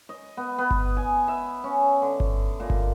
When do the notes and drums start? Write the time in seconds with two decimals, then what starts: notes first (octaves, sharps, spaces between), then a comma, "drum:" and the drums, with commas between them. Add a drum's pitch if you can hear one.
0.09 D#5
0.37 B3
0.58 B3
0.71 drum: kick G1
0.97 G#5
1.28 E5
1.64 C#4
2.02 D3
2.20 drum: kick G1
2.60 A#2
2.70 drum: kick G1